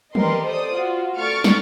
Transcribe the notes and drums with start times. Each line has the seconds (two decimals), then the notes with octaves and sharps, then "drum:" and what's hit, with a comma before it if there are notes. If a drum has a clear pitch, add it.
0.15 G4 A#4 B4 D5 D#5 C6, drum: tom
0.46 A4 C5 D5 D#6
0.75 F4 F#4
1.16 A3 D5 C#6 F6 A6 D7
1.44 drum: snare